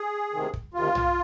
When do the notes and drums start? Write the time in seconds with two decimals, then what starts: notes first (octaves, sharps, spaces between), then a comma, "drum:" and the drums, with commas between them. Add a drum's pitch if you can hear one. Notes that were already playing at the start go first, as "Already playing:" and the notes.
Already playing: G#4
0.33 D2 C3 D#3
0.53 drum: kick
0.74 D2 C3 D#3 F4
0.95 drum: tom B1